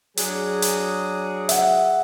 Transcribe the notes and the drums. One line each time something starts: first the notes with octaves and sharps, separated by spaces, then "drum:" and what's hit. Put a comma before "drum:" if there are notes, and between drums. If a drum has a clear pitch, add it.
F#3 D4 G#4, drum: hi-hat
drum: hi-hat
E5 F#5, drum: hi-hat